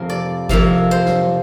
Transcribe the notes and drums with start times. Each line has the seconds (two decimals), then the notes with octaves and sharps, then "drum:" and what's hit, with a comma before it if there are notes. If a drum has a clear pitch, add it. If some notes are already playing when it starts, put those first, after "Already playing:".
Already playing: F2 C3 F3 A#3 A#4
0.09 D5
0.49 F2 C3 F3 A#3 F5, drum: kick G1
0.91 C5
1.05 drum: snare